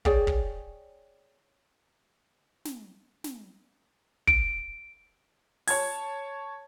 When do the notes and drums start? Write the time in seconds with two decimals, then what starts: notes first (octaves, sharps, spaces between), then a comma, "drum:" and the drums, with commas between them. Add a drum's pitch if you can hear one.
0.05 G#4 C#5 D5 G5, drum: kick
0.27 drum: kick
2.65 drum: snare
3.24 drum: snare
4.27 D7, drum: kick
5.67 C#5 A5 G#6, drum: open hi-hat